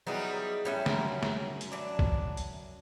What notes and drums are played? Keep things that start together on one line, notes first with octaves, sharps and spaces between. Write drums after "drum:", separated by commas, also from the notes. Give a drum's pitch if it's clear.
F#3 G3 B3 D#4 E4 G#4
A2 G3 C#4 E5
F#2, drum: snare
drum: snare
drum: hi-hat
E3 D4
drum: kick
drum: hi-hat